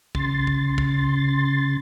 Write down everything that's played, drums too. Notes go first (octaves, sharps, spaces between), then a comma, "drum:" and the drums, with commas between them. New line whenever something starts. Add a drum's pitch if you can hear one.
C#3 C6 A6, drum: kick
drum: kick
drum: kick